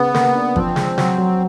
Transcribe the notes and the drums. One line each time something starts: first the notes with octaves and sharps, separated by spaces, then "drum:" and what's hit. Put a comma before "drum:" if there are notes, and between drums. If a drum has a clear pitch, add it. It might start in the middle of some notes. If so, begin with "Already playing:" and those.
Already playing: C#3 B3
A#3, drum: snare
D4
F3 C4, drum: kick
G#3, drum: snare
F#3, drum: snare
F#3